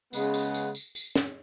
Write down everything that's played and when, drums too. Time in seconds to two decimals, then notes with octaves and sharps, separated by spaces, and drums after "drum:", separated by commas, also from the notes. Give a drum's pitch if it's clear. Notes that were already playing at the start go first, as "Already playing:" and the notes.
0.13 C#3 G#3 B3, drum: tambourine
0.34 drum: tambourine
0.54 drum: tambourine
0.75 drum: tambourine
0.95 drum: tambourine
1.15 drum: snare